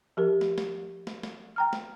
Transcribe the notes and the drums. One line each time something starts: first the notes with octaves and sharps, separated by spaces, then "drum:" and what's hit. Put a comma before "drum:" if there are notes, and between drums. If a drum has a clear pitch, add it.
F3 G4 A#4
drum: snare
drum: snare
drum: snare
drum: snare
G5 A#5 F6
drum: snare